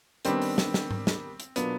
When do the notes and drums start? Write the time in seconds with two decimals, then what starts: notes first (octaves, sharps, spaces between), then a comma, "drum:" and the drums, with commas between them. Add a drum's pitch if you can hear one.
0.25 D#3 G3 B3 C4 D4, drum: hi-hat
0.42 drum: open hi-hat
0.58 drum: snare
0.74 drum: snare
0.91 drum: tom G#2
1.07 drum: snare
1.40 drum: hi-hat
1.56 B2 F#3 A#3 B3 D4 F4, drum: hi-hat